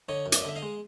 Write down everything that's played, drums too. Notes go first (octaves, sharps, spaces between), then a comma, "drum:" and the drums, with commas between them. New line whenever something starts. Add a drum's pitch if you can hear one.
D3 C#5 D#5
F#2
D5 E5, drum: hi-hat
D#5
D3 E5
D#5 F5
G#3